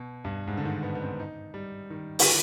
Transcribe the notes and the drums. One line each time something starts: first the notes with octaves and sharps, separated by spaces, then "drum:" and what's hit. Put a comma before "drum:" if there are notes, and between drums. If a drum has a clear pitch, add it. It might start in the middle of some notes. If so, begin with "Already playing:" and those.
Already playing: B2
G2
G#2
D3
D#3
B3
B3
C4
D#4
G3
D#3
D3, drum: open hi-hat
D#3